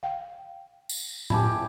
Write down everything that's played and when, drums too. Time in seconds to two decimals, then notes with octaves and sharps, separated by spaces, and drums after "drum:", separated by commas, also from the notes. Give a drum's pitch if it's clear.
0.03 F5 G5
0.89 drum: tambourine
1.30 E4 G4 G#5 A5 B5, drum: tom A2